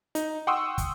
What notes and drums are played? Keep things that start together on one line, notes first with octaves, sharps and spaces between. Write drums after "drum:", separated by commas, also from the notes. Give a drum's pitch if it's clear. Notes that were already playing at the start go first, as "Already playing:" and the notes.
D#4, drum: hi-hat
F#5 G5 C6 C#6 D#6 E6
drum: kick, hi-hat